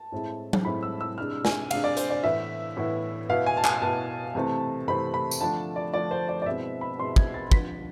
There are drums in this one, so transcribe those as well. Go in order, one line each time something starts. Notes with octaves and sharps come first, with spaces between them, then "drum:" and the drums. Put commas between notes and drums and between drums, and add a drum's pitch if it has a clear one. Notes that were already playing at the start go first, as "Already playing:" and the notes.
Already playing: A5
A2 G#3 C4 E4
drum: tom F#3
A2 G#3 C4 E4 B5
E6
E6
C3 G#3 D4 F6
G#5, drum: snare
C3 G#3 D4 F5, drum: cymbal
D5
C5, drum: hi-hat
D5
A2 E3 B3 E4 E5
A2 E3 B3 E4
B2 B3 E4 F5
G#5
A5
G#5, drum: clap
B2 B3 E4 A5
C3 E3 A3 C4
C3 E3 A3 C4 B5
B5
drum: tambourine
D3 F3 A3 D4 A5
D5
D3 F3 A3 D4 D5
C5
D5
D5
B2 G#3 C4 E4 E5
B5
B2 G#3 C4 E4 C6
G#6, drum: kick
A6
D3 F3 B3 B6, drum: kick